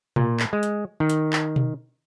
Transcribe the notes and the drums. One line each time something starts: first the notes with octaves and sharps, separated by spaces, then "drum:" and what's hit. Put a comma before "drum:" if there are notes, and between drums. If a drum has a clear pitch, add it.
A#2, drum: tom B2
drum: clap
G#3
drum: hi-hat
D#3
drum: hi-hat
drum: clap
drum: tom B2